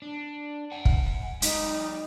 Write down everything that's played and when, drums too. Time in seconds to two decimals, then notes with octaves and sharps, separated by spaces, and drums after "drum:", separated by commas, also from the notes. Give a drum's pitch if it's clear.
0.02 D4
0.72 F#5 G#5
0.85 drum: kick
1.42 G#3 D#4 G4, drum: hi-hat